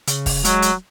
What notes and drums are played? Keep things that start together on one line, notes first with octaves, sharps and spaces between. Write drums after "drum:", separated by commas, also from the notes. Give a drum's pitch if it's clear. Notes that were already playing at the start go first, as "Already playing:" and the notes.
C#3, drum: hi-hat
drum: kick, open hi-hat
F#3 G#3, drum: hi-hat
drum: hi-hat